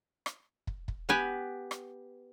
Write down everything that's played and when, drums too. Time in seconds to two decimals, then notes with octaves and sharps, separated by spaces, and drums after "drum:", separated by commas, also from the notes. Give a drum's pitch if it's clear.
0.26 drum: rim click
0.67 drum: kick
0.88 drum: kick
1.09 B3 G4 B4 G#5
1.71 drum: rim click